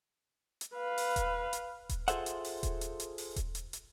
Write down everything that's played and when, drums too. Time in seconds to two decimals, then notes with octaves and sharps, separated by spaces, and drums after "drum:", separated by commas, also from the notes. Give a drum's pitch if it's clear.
0.61 drum: hi-hat
0.75 B4 F5
0.98 drum: open hi-hat
1.16 drum: kick D#1, hi-hat
1.53 drum: hi-hat
1.89 drum: kick D#1, hi-hat
2.08 F4 G#4 A4 C5 E5 F#5, drum: hi-hat
2.26 drum: hi-hat
2.45 drum: open hi-hat
2.63 drum: kick D#1, hi-hat
2.81 drum: hi-hat
3.00 drum: hi-hat
3.18 drum: open hi-hat
3.36 drum: kick D#1, hi-hat
3.55 drum: hi-hat
3.73 drum: hi-hat